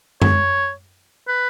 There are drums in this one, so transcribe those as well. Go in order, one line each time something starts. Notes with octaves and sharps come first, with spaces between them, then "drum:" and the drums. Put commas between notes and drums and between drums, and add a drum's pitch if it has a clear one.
C#5, drum: tom F#2
B4